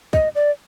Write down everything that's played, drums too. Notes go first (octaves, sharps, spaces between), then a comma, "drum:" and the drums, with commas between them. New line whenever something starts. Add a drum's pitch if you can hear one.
D#5, drum: kick
D5